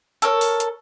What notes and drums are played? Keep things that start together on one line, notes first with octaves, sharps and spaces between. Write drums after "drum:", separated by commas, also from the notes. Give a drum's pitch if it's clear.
A4 A#4 C#5, drum: hi-hat
drum: open hi-hat
drum: hi-hat